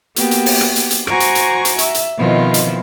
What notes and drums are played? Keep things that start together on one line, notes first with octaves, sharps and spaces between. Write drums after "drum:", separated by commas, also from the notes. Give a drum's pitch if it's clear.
A#3 B3 F#4 G4, drum: hi-hat
drum: hi-hat
drum: open hi-hat
drum: rim click
drum: hi-hat
drum: hi-hat
F#4 C5 G#5 A#5 C#6 D6, drum: rim click
drum: hi-hat
drum: hi-hat
drum: hi-hat
E5, drum: hi-hat
drum: hi-hat
B2 D#3 F3 C4 E4 F4
drum: hi-hat